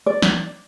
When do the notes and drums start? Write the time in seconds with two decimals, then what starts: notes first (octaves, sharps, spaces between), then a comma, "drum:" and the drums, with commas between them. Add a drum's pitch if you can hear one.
0.06 D5
0.22 drum: snare